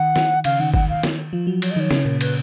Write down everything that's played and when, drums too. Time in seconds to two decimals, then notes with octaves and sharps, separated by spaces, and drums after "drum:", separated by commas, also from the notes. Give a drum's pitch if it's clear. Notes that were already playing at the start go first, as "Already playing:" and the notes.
Already playing: D#3 F#5
0.16 drum: snare
0.44 C#3 F5, drum: cymbal
0.60 D#3 F#5
0.74 D#3 F#5, drum: kick
0.89 F5
1.03 drum: snare
1.33 F3
1.47 F#3
1.62 C#5, drum: cymbal
1.71 D#5
1.76 D#3 C#5
1.91 C#3, drum: snare
2.05 A#2
2.21 B4, drum: cymbal